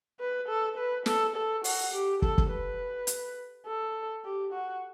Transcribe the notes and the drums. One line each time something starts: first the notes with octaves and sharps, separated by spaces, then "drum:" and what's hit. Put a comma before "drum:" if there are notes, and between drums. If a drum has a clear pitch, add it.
B4
A4
B4
A4, drum: snare
A4
F#4, drum: open hi-hat
G4
A4, drum: kick
drum: kick
B4
drum: hi-hat
A4
G4
F#4